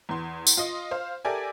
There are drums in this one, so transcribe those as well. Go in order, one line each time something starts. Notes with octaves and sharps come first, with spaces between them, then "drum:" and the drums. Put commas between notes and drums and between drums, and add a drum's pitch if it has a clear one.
E2 C6
drum: tambourine
F4 D#5
C5 F5
G4 A4 A#4 D5 E5 G#5